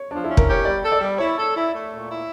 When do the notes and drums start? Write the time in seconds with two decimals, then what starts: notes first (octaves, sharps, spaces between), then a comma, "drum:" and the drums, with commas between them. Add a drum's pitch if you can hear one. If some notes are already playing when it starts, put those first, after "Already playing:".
Already playing: C#5
0.11 F3 D4
0.24 E4
0.29 C#4
0.37 A#4, drum: kick
0.47 G4 C#5
0.64 G3 D5
0.83 A4
0.92 D5
1.01 G3
1.18 E4 C#5
1.37 A4
1.55 E4
1.72 A3
1.91 A#2
2.09 E4